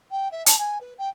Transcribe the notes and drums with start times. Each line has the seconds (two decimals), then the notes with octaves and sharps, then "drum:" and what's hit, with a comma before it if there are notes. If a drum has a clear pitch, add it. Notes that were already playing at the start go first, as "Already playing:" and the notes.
0.11 G5
0.31 E5
0.46 A5, drum: hi-hat
0.59 G#5
0.80 B4
0.98 G5